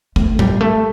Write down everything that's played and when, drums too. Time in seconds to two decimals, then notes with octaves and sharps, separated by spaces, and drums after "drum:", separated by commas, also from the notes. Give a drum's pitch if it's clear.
0.16 A3, drum: kick
0.39 G3, drum: tom A2
0.61 A3